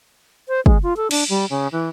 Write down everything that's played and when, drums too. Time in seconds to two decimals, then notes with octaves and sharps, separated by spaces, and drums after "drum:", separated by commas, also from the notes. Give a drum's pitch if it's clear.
0.48 C5
0.66 G#3, drum: kick
0.83 F4
0.97 A4
1.11 D4, drum: cymbal
1.29 G3
1.50 C#3
1.72 E3